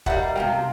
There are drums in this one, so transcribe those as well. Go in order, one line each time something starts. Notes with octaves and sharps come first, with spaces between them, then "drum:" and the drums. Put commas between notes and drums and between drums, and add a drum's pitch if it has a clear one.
G3 A#3 D#4 E5 F#5, drum: kick E1
C3 F3 A#3 F5 G5